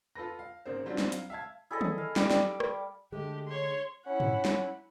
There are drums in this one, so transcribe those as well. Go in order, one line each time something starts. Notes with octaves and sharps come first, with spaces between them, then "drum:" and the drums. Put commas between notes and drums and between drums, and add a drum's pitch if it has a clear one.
F4 A4 B4 A#6
F5
G#1 C#3 A#3 C5
F#3 G3 C4 D4 F4
drum: snare
F5, drum: hi-hat
E5 F5 A5 G#6
E4 G#4 A4 D#5
drum: tom
F5
G3 D6, drum: snare
drum: snare
drum: rim click
D3 G#3 A3 G4
C#5 C6
C#4 E4 F#5
drum: tom
drum: snare